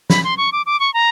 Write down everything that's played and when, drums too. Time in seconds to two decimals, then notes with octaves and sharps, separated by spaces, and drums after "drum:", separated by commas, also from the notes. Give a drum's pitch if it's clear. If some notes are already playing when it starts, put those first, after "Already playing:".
0.10 B5, drum: snare
0.24 C6
0.37 C#6
0.52 D6
0.66 D6
0.80 C#6
0.94 A#5